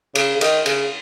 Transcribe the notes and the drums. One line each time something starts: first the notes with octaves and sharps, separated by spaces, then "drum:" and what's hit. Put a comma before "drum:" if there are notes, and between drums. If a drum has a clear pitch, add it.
C#3, drum: cymbal
C#3
D#3, drum: cymbal
C#3, drum: cymbal